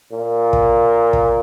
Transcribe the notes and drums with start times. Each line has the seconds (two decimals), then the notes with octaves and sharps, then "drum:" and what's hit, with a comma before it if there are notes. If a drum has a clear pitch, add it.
0.12 A#2
0.53 drum: kick
1.13 drum: kick